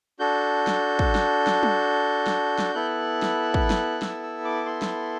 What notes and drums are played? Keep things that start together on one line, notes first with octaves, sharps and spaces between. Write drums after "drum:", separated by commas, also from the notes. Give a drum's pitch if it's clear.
D4 F#4 A4 G6
drum: snare
drum: kick
drum: snare
drum: snare
drum: tom
drum: snare
drum: snare
B3 E4 A4 F#6
drum: snare
drum: kick
drum: snare
E6, drum: snare
E6
D6
C6
drum: snare